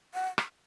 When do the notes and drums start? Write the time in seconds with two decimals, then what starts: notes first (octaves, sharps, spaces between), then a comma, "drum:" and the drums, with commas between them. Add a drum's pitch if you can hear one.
0.14 F#5
0.38 drum: rim click